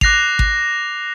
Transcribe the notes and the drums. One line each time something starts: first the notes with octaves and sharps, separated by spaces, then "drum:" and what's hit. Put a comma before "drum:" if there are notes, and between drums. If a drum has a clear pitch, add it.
D6 F#6 A#6 C7 F7, drum: kick G#1
drum: kick G#1